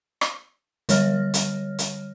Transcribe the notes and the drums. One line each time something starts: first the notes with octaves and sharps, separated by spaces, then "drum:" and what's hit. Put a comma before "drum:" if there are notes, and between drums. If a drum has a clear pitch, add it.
drum: rim click
D3 G3 C#5 F6 A#6, drum: hi-hat
drum: hi-hat
drum: hi-hat